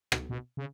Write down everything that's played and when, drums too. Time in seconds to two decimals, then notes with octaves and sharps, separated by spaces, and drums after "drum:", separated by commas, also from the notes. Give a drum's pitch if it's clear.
0.12 B2, drum: rim click
0.30 B2
0.57 C#3